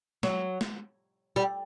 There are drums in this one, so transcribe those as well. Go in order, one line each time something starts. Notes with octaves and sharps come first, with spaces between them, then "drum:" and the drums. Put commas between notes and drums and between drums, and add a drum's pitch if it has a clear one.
F#3, drum: snare
drum: snare
G3